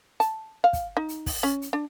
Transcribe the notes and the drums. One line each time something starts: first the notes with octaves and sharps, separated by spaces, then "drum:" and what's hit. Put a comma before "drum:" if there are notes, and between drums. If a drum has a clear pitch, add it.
A5, drum: hi-hat
F5
drum: kick, hi-hat
D#4
drum: hi-hat
drum: kick, open hi-hat
C#4
drum: hi-hat
D4